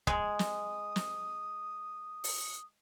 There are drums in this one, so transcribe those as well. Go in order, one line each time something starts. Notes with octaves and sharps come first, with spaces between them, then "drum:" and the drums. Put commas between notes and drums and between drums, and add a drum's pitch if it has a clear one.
G#3 D#6, drum: kick
drum: snare
drum: snare
drum: open hi-hat